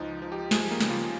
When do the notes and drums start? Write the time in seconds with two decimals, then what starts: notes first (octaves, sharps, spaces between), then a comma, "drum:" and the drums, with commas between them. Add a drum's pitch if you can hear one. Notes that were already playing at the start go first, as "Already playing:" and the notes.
Already playing: C#2 F3 D#4
0.22 F3
0.32 G4
0.51 F3 G#4, drum: snare
0.71 A#3
0.81 C#3, drum: snare
0.90 F4